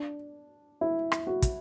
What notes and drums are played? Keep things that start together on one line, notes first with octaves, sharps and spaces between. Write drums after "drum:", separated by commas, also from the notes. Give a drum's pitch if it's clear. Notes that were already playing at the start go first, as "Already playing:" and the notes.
Already playing: D4
E4
drum: rim click
F#4
drum: kick, hi-hat